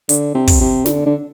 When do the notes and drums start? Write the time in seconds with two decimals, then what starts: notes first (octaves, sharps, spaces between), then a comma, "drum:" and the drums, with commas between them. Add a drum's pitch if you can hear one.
0.09 D3, drum: hi-hat
0.35 C3
0.47 drum: kick, open hi-hat
0.61 C3
0.86 D3, drum: snare
1.06 D3